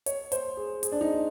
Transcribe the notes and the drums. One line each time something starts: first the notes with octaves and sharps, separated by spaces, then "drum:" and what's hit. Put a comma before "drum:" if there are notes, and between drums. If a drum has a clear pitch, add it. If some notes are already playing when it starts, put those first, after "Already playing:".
C#5, drum: hi-hat
C5, drum: hi-hat
G#4
G#4, drum: hi-hat
D4
D#4